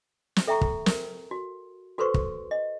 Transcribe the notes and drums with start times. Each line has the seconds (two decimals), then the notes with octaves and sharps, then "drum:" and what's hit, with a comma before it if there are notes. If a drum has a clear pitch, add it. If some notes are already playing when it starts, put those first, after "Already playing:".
0.36 drum: snare
0.47 A4 E5 G5 A#5 C#6
0.61 drum: kick
0.86 A#4, drum: snare
1.31 F#4
1.98 F#4 A4 B4 C5 C6 C#6
2.14 drum: kick
2.51 D#5